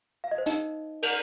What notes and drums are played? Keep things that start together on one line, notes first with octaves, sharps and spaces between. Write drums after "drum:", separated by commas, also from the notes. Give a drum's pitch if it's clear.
F5
D#5
C5
D#4 D#5, drum: hi-hat
A#4, drum: cymbal